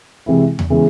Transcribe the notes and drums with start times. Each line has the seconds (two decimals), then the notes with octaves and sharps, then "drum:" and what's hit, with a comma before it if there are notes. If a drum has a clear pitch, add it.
0.26 C3 E3 G#3 C4 E4
0.59 drum: tom E2
0.70 C#3 E3 G#3 B3